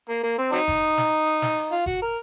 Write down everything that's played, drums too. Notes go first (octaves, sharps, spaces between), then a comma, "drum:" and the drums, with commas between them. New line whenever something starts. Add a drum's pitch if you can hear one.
A#3
A#3
C4
F#3 C4 D#4
drum: kick F#1, open hi-hat
drum: snare
drum: hi-hat
drum: snare
drum: open hi-hat
F4
F#4, drum: kick F#1
A#4